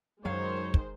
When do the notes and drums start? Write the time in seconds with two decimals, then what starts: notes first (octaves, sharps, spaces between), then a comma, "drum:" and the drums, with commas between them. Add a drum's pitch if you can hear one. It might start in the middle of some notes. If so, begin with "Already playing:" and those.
0.25 C#2 F#2 D#3 F#3 G#3 C5 C#5 F5
0.74 drum: kick